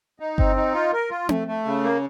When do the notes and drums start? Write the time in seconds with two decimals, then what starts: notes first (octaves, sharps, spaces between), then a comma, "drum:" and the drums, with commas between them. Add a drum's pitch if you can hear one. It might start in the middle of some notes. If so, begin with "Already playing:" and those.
0.20 D#4
0.38 C4, drum: kick G1
0.56 D#4
0.74 F4
0.93 A#4
1.10 F4
1.29 A3, drum: tom C4
1.47 A3
1.65 C#3
1.84 A#3